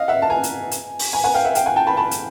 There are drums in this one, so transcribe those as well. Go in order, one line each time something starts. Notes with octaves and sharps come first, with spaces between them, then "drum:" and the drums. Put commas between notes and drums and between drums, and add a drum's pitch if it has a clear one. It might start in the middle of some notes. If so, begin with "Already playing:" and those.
Already playing: D#5 F5
E5 F#5
A5
G#5 A#5
drum: hi-hat
drum: hi-hat
drum: open hi-hat
G#5 A#5
F#5 G#5
F5 G5
E5 F#5
F5 G5, drum: hi-hat
F#5 G#5
G5 A5
A5 B5
A5 B5
drum: hi-hat